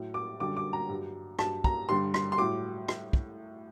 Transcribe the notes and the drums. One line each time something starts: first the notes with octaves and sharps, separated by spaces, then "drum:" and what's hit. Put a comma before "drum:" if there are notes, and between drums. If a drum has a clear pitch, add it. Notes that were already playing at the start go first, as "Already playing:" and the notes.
Already playing: A2 F#3
D6
F#2 D3 G3 D6
D6
A#5
G2 F#3
G2 F#3 A5, drum: rim click
A#5, drum: kick
G2 D3 G3 C6
C6, drum: rim click
C6
A2 F#3 D6
drum: rim click
drum: kick